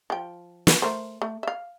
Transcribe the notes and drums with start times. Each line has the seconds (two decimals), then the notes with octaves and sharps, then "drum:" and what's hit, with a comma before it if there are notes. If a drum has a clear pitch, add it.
0.10 F3 G5
0.67 drum: snare
0.82 A3 A#4 C5
1.22 A3
1.43 E5 F5